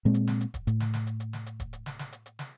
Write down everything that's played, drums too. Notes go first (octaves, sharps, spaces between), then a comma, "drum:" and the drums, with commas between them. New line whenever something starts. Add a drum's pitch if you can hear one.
A#2 G#3 C4
drum: hi-hat
drum: snare
drum: hi-hat
drum: kick D#1, hi-hat
A2, drum: hi-hat
drum: snare
drum: snare
drum: hi-hat
drum: hi-hat
drum: snare
drum: hi-hat
drum: kick D#1, hi-hat
drum: hi-hat
drum: snare
drum: snare
drum: hi-hat
drum: hi-hat
drum: snare